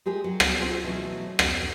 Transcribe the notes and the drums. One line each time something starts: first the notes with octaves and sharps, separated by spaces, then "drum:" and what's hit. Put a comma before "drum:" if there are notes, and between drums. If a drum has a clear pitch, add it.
G#3 G4 G#4 A#4
F#3
drum: rim click
C4 F4 F#4 G#4
B2 E3 F#3 A3
F2, drum: rim click